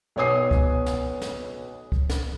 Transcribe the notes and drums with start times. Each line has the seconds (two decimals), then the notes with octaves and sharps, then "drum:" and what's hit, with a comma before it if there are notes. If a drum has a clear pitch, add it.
0.16 B1 B3 C#5 G#5 D#6 C7
0.51 drum: kick C#2
0.86 drum: snare
1.22 drum: snare
1.92 drum: kick C#2
2.10 drum: snare